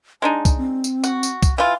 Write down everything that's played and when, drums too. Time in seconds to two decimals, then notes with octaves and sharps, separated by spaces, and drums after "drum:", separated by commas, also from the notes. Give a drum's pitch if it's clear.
0.22 G#3 D4 D#4 A5
0.45 drum: kick C2, tambourine
0.57 C4
0.84 drum: tambourine
1.04 F#4, drum: tambourine
1.23 drum: tambourine
1.43 drum: kick C2, tambourine
1.58 E3 F4 F5